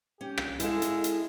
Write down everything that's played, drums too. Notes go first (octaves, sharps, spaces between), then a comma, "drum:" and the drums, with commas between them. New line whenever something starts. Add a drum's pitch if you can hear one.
C#4 G4
drum: rim click
G#3 E4 A4 F5, drum: hi-hat
drum: hi-hat
drum: hi-hat